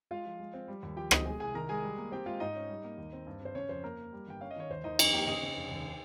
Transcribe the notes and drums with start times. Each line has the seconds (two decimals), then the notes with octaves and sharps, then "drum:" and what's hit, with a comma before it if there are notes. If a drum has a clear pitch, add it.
0.11 G#3 F4 F5
0.26 F3
0.39 G#3
0.54 C4
0.68 G3
0.83 D#2
0.97 F3 G4 G5
1.11 C4 D#5 D#6, drum: rim click
1.26 G#3 G#4 G#5
1.40 C2 G#4 G#5
1.55 D#3 A#4 A#5
1.69 G#3 G#4 G#5
1.83 G3
1.98 A#3
2.12 C4 G4 G5
2.26 G#3 F4 F5
2.40 G#2 D#4 D#5
2.55 C#4
2.69 G3
2.84 A#3
2.98 D#2
3.13 C4
3.27 G2
3.41 C4 C5
3.55 C#3 C#4 C#5
3.69 F2 C5
3.84 A#3 A#4
3.98 A#3
4.13 G3
4.28 G1 G5
4.41 C#4 F5
4.51 D#5
4.56 D#3 C#5
4.70 D#2 C5
4.84 D#2 D#4 D#5
4.99 F2 D#4 D#5, drum: cymbal
5.13 A#3 G4 G5
5.27 C#3 D#5 D#6
5.43 C#3
5.57 F1
5.71 D#2